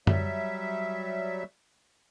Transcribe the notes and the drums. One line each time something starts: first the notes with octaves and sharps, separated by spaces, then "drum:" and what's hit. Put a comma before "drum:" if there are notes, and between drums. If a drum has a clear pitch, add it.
F#3 G3 E5, drum: tom F#2